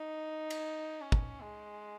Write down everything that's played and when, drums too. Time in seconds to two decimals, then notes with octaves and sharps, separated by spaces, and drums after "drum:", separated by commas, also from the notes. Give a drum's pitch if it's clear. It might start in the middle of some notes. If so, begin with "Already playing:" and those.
Already playing: D#4
0.50 drum: cymbal
1.00 C#4
1.12 drum: kick
1.42 G#3